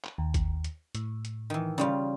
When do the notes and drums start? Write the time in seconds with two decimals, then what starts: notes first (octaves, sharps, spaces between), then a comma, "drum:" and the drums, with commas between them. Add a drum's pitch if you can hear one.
0.04 drum: clap
0.18 D#2
0.34 drum: kick G#1, hi-hat
0.64 drum: hi-hat
0.95 A2, drum: hi-hat
1.25 drum: hi-hat
1.50 D#3 E3
1.78 C#3 G3 F4